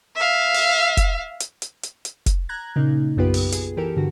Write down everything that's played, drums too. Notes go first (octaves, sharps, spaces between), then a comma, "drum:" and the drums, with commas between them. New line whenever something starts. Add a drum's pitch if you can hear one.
E5 F5
drum: open hi-hat
drum: kick F1, hi-hat
drum: hi-hat
drum: hi-hat
drum: hi-hat
drum: hi-hat
drum: kick F1, hi-hat
A#5 F#6 G#6
A#2 C#3 A#3 D#4
B1 F#2 B3 F4 G4 B4
drum: open hi-hat
G#4, drum: hi-hat
E3 G4 A4 A#4
G2 D3 F#4